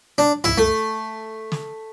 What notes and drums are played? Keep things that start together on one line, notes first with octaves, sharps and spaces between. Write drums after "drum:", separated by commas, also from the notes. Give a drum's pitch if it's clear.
D4
E4, drum: tom
A3
drum: snare